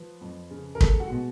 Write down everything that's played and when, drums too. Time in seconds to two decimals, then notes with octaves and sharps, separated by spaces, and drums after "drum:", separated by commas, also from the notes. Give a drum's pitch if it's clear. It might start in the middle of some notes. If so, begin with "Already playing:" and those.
Already playing: F3 B4
0.21 F2
0.51 C#3
0.75 A#4
0.81 G#3 A4, drum: kick
1.00 F#4
1.10 B2